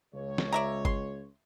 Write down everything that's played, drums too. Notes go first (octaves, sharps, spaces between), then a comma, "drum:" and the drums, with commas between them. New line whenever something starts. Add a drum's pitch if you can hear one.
C#2 C#5
drum: snare
D5 E5 A#5
C6, drum: kick